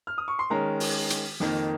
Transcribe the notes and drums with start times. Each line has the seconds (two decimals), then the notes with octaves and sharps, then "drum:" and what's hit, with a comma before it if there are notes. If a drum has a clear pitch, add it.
0.07 F6
0.18 D#6
0.28 C#6
0.39 C6
0.50 D#3 G#3 C#4 A#5
0.80 drum: open hi-hat
1.10 drum: hi-hat
1.40 F2 D#3 A#3 D#4, drum: snare